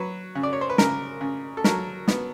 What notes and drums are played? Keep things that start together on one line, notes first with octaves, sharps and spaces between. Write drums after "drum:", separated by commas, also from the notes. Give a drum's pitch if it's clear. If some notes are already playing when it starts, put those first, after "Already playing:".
Already playing: F#3 B4
C#3
D5
C#5
C5
B4
C#3 A#4, drum: snare
C#3
A4
F#3 A#4, drum: snare
B3, drum: snare